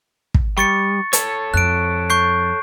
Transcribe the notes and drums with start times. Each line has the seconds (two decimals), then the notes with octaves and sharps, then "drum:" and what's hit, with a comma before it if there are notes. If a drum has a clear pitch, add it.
0.34 drum: kick
0.58 G3 C#6 A6 C#7
1.13 A4 C#5, drum: hi-hat
1.54 F2 F#6 D7
2.10 C#6 G6 C7